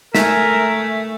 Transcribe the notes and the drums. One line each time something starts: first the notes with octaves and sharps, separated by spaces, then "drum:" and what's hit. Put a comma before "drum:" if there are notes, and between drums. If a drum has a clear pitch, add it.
A3 A#4 E5 G#5, drum: snare